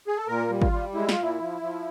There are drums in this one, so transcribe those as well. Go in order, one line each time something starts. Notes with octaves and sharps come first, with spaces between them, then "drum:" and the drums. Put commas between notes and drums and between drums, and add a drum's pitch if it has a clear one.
G#4
A4
A#2 A#4
G3
F4, drum: kick G#1
G3
G#3 E4
F4, drum: snare
A#2
E4
F3
F3